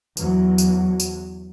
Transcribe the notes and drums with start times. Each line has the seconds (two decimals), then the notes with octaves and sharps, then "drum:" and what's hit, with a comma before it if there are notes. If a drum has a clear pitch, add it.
0.17 E2 F#3, drum: tambourine
0.58 drum: tambourine
1.00 drum: tambourine